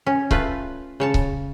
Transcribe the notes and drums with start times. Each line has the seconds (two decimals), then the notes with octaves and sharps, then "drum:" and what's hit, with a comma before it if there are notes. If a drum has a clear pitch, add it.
0.07 C#4
0.31 A3 F4 B4, drum: kick C#1
1.00 C#3 C#5 A5
1.14 drum: kick C#1